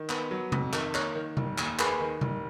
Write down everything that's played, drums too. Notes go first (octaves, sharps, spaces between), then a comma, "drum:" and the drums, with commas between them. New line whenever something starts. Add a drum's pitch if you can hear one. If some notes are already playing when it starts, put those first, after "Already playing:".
Already playing: D#3
B3, drum: clap
F#3
F2, drum: tom C3
D#3, drum: clap
A#3 A#4 C#5, drum: clap
D#3
F1, drum: tom C3
D#2, drum: clap
A#3 G#4 B4, drum: clap
D#3
F1, drum: tom C3